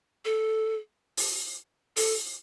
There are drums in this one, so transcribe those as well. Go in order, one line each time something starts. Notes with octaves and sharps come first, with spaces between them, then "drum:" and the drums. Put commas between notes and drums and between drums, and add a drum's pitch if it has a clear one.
A4
drum: open hi-hat
A4, drum: open hi-hat